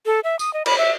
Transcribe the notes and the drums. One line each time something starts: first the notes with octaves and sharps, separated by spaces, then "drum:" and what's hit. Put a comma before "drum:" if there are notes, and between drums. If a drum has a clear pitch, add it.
A4
E5
D#6, drum: tambourine
D#5
B5, drum: cymbal
E5